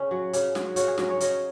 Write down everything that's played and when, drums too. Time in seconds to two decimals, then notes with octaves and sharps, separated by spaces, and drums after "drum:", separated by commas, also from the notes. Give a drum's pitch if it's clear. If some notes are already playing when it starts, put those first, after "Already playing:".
Already playing: C#3 C#4
0.11 F#3
0.33 C#3, drum: hi-hat
0.55 F#3, drum: snare
0.76 C#3 F#4, drum: hi-hat
0.88 G#4
0.98 F#3 A#4, drum: snare
1.10 C#5
1.20 C#3 D#5, drum: hi-hat